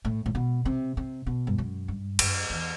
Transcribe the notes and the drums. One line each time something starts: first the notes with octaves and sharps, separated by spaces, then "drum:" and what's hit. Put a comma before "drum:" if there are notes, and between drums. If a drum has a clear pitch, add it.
A2
A2
B2
C3
C3
B2
G2
F#2
G2
F#2, drum: cymbal
E2